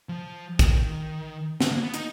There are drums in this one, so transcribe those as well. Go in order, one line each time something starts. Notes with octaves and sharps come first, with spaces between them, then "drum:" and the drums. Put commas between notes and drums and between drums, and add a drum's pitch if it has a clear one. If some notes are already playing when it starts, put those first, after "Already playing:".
F3
D#3, drum: kick, hi-hat
D#3
D3, drum: snare
A#3
B3
D#4, drum: hi-hat